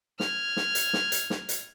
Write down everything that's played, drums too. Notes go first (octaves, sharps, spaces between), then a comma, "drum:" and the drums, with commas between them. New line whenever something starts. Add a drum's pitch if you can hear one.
F6 G#6, drum: snare
drum: snare
drum: hi-hat
drum: snare
drum: hi-hat
drum: snare
drum: hi-hat